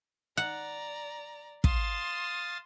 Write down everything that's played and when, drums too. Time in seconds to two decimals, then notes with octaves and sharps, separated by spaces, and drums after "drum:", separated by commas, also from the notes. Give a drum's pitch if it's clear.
0.37 D5 F#5 A#5
1.64 F5 C6 D#6 A6 E7, drum: kick